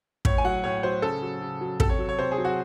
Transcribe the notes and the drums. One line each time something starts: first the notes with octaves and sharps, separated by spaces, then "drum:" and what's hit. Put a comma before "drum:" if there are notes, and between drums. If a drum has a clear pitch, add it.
A2 C#5, drum: kick
G#5
F#3 F#5
A2 C#5
F#3 C5
C#3 A4
F#3
C#3
F#3
C3 A4, drum: kick
C#5
F#3
C#5
C3 C5
G#4
F#3
F#4